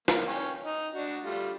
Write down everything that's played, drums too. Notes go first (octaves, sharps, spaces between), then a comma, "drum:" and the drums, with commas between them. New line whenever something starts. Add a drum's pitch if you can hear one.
F3 A#3, drum: snare
C#4 C#5 G5
D#4
D4 F#4
G3 A3 F4